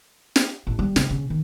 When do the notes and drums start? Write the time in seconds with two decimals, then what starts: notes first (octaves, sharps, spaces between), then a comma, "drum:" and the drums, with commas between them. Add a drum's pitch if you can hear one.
0.36 drum: snare
0.67 A1
0.79 G3
0.96 C#3, drum: snare
1.11 C#3
1.30 D#3